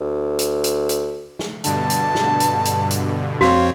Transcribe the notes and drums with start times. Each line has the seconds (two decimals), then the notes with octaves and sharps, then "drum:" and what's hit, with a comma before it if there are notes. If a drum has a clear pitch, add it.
0.01 D2
0.39 drum: hi-hat
0.64 drum: hi-hat
0.89 drum: hi-hat
1.39 drum: snare
1.64 G2 B2 D3 A5, drum: hi-hat
1.90 drum: hi-hat
2.15 drum: snare
2.40 drum: hi-hat
2.65 drum: hi-hat
2.90 drum: hi-hat
3.41 F2 C4 F#4 C#5 F5, drum: snare